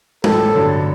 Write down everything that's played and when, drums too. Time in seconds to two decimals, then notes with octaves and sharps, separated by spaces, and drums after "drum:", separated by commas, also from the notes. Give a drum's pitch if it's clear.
0.24 A1 A4, drum: tom
0.54 G2 D3 F#3